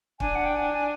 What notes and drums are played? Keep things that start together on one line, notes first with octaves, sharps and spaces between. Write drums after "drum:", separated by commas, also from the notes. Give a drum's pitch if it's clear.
D4 G#5, drum: kick
F#5
G5
G#5
G#5